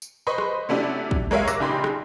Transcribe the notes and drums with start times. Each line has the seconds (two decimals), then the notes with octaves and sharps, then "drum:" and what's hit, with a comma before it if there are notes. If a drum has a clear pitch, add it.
0.02 drum: tambourine
0.27 B4 C5 D#5 B5 C#6
0.38 drum: rim click
0.69 C3 A3 C#4 D4 E4 F#4
1.11 drum: kick
1.31 G#3 A#4 C#5 E5 F5
1.48 D6 E6 F#6 A#6, drum: tambourine
1.60 A#1 C#3 D#4 G4 B5 C6
1.84 drum: rim click